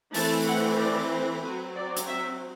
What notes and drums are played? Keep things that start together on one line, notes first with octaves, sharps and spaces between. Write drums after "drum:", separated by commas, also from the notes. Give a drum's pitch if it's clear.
E3 A3 C4 A5, drum: open hi-hat
F#5
D5
C5
F#3 C4 B4
D5
drum: hi-hat
E5